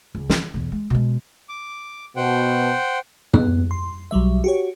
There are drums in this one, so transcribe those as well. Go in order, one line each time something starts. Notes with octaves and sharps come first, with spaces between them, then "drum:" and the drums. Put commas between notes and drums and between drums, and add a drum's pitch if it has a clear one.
C#2
D#3, drum: snare
B1 E2
G#3
B2 G#3
D6
B2 C5 F#5 G5
B3, drum: tom
C6
B1 F#3 G3 E5
F#4 G4 C#5